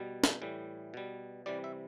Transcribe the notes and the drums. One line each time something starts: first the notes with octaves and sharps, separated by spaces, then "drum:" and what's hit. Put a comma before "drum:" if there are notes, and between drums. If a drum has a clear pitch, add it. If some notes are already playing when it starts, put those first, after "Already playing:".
Already playing: B2 G3
drum: snare
A2 E3 G3
B2 G3
C3 E3 G3 D5
E5